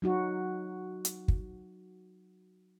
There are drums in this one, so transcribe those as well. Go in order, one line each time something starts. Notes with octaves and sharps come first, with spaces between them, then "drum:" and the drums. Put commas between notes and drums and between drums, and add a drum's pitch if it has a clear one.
F#3 D#4 F#4
drum: hi-hat
drum: kick